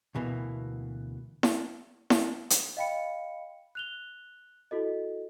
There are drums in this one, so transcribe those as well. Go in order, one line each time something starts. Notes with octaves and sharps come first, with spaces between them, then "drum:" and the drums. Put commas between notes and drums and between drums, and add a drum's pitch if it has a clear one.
D2 B2 E3 A#3
drum: snare E4
drum: snare E4
drum: hi-hat
D#5 F5 G5 B5 C#7
F#6 F7 G7
E4 F#4 A4 D#5